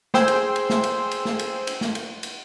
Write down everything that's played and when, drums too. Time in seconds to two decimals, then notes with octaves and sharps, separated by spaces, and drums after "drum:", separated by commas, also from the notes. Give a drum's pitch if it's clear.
0.14 G#4 C5 G5 C6 E6, drum: snare
0.28 drum: cymbal
0.56 drum: cymbal
0.70 drum: snare
0.84 drum: cymbal
1.11 drum: cymbal
1.25 drum: snare
1.39 drum: cymbal
1.67 drum: cymbal
1.81 drum: snare
1.95 drum: cymbal
2.23 drum: cymbal